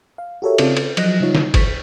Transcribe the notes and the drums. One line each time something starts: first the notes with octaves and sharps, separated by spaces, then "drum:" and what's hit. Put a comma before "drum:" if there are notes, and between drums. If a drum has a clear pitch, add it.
F5
F#4 G4 A4 A#4 C#5 E5
C#3 C4 F4 A4 C#5 D5, drum: cymbal
drum: cymbal
F3 F#3 D#5 F#6 A#6, drum: cymbal
C#3 G3 D#4 F4 C#5
drum: snare
C2 C#6 B6, drum: kick G1, cymbal